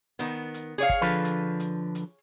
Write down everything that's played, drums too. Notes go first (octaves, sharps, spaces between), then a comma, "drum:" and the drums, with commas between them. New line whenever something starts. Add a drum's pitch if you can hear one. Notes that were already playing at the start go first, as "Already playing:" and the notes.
D#3 B3, drum: hi-hat
drum: hi-hat
G#4 C#5 F5
drum: kick, hi-hat
D3 F3 B4
drum: hi-hat
drum: hi-hat
drum: hi-hat